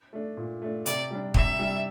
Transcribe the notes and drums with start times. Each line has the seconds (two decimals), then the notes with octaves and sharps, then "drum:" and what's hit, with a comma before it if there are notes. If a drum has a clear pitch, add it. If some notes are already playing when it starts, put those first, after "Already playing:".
0.13 A3 D4
0.37 A#2
0.62 A3 D4
0.86 C3 D5, drum: hi-hat
1.11 G3 D4
1.34 C3 E5, drum: kick
1.59 G3 D4